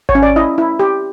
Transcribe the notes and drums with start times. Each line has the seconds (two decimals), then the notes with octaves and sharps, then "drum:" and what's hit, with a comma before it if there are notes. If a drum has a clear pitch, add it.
0.09 C#5, drum: kick G#1
0.15 C#4
0.23 D5
0.36 E4 D#5
0.58 E4
0.79 G4